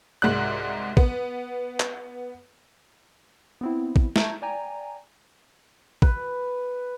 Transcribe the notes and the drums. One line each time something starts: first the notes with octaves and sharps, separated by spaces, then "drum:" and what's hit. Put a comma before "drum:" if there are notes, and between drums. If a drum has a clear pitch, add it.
C2 G#2 F#4 D5 F#6
B3, drum: kick
drum: clap
B3 C4 E4
drum: kick
E5 A5 A#5 C#6 G6 G#6, drum: snare
D5 G5 G#5 A#5
B4, drum: kick